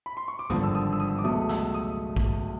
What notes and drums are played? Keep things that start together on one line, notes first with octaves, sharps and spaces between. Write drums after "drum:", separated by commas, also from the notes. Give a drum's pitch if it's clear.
B5
C6
C#6
D6
G#1 G2 D3 F3 D#6, drum: tom
E6
D#6
E6
D#6
D6
C#2 B2 F#3 A3 D#6
E6, drum: snare
D#6
drum: kick